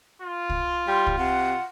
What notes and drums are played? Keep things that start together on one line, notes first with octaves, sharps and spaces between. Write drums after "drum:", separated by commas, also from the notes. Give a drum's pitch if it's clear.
F4
drum: kick
G3 C6
drum: kick
C3 F#5